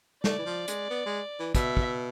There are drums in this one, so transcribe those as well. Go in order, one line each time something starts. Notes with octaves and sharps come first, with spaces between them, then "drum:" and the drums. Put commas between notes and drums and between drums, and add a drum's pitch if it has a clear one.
A3 D5, drum: snare
E3
F3
G#3, drum: hi-hat
B3
G#3
E3
B2 E5, drum: kick, hi-hat
drum: kick